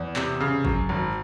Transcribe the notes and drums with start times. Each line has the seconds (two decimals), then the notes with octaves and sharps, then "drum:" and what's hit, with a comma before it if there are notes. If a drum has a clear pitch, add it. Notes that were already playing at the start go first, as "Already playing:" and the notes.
Already playing: E2
0.16 C3, drum: clap
0.40 C#3
0.65 F#2, drum: kick
0.89 G#1